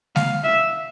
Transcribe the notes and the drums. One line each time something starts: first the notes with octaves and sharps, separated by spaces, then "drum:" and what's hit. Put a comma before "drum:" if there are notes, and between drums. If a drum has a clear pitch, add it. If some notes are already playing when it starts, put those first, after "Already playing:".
F5, drum: snare G#3
E5